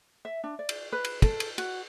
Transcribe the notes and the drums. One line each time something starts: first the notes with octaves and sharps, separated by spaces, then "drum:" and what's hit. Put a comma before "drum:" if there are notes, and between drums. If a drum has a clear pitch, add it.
E5
D4
D5
drum: cymbal
B4
drum: cymbal
A4, drum: kick, cymbal
drum: cymbal
F#4, drum: cymbal